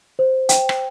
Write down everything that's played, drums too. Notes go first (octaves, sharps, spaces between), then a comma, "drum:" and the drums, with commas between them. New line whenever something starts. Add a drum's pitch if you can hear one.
C5
G5, drum: hi-hat
drum: rim click